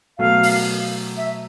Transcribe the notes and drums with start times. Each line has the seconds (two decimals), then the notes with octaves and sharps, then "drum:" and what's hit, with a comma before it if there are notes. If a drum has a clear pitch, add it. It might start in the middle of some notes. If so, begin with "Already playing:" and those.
0.19 B2 F#3 A3 F5
0.43 drum: open hi-hat
1.17 E5